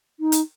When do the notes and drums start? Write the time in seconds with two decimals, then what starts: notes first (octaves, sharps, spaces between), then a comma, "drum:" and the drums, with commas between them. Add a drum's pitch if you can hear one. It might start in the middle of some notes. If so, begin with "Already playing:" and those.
0.20 D#4
0.32 drum: hi-hat